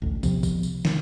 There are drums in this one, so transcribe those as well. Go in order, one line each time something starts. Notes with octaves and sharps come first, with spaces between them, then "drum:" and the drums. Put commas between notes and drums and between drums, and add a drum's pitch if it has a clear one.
A1 D2
C3 F3 B3, drum: kick, tambourine
drum: kick, tambourine
drum: tambourine
D#3, drum: snare